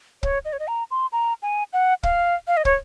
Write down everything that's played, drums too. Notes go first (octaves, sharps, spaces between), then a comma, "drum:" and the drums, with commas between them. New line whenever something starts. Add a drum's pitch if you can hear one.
C#5, drum: kick
D#5
C#5
D#5
A#5
C6
A#5
G#5
F#5
F5, drum: kick
F5
D#5
C#5, drum: kick